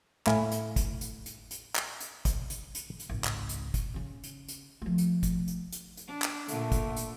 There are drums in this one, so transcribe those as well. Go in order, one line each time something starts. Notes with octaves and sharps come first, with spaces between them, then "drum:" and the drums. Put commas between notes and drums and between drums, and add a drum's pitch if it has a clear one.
A2 E4 F5 G#5, drum: clap
drum: hi-hat
drum: kick, hi-hat
drum: hi-hat
drum: hi-hat
drum: hi-hat
drum: clap
drum: hi-hat
drum: kick, hi-hat
drum: hi-hat
drum: hi-hat
drum: hi-hat
G#1 C#2
drum: clap
drum: hi-hat
drum: kick, hi-hat
C#3 C#4
drum: hi-hat
drum: hi-hat
F3 A3
drum: hi-hat
drum: kick, hi-hat
drum: hi-hat
drum: hi-hat
drum: hi-hat
D4
drum: clap
A#2 D3 A3, drum: hi-hat
drum: kick, hi-hat
drum: hi-hat